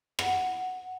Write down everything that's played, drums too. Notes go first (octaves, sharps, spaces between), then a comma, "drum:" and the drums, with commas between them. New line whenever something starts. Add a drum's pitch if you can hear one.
F#5, drum: rim click